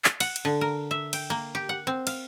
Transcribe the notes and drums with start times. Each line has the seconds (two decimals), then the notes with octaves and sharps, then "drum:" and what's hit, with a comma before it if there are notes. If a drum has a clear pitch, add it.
0.04 drum: clap
0.20 F#5, drum: cymbal
0.36 drum: cymbal
0.45 D3
0.61 A#4
0.91 E5
1.13 G5, drum: cymbal
1.30 A#3
1.55 G4
1.69 F#5
1.87 C4
2.07 F5, drum: cymbal